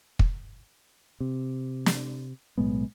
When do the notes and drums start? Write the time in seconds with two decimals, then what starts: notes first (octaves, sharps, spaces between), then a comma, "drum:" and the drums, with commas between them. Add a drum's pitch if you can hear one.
0.19 drum: kick
1.20 C3
1.86 drum: snare
2.58 B1 A2 G#3 B3